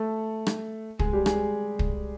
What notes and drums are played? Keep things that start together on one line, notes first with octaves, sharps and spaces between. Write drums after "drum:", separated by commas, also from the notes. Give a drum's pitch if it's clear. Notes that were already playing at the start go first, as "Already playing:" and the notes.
Already playing: A3 A4
drum: rim click
G#3 G#4, drum: kick
G3 G4
G#3 G#4, drum: rim click
drum: kick